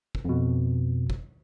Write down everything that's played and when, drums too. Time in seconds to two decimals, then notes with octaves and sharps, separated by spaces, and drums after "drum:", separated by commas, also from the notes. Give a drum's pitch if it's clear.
0.15 drum: kick
0.25 F2 B2
1.10 drum: kick